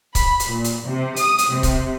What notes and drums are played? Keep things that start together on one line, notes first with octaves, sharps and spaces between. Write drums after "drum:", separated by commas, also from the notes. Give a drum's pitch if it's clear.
B5, drum: kick C#1, hi-hat
drum: hi-hat
A#2
drum: hi-hat
C3
D#6, drum: hi-hat
drum: hi-hat
C3
drum: kick C#1, hi-hat